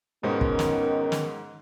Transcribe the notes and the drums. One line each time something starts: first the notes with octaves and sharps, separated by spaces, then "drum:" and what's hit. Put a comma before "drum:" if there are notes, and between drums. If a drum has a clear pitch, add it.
G#2 B2 D#3 G#3 B3 C#4 C5
drum: kick
drum: snare
drum: snare